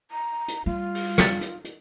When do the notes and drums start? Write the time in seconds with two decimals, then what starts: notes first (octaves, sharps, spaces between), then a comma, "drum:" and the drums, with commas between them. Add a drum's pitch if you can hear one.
0.11 A#5
0.48 drum: hi-hat
0.66 G3 F4
0.95 drum: open hi-hat
1.18 A6 B6 C#7, drum: snare
1.41 drum: hi-hat
1.64 drum: hi-hat